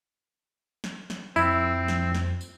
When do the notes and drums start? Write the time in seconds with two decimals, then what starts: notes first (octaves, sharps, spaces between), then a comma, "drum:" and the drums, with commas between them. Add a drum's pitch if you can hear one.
0.84 drum: snare
1.10 drum: snare
1.36 F2 C4 E4, drum: tambourine
1.88 drum: snare
2.15 drum: snare
2.41 drum: tambourine